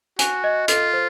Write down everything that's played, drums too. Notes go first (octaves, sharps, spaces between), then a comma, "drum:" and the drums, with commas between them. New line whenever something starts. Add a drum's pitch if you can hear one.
F#4 G#5, drum: hi-hat
D#5
F4 A4, drum: hi-hat
C5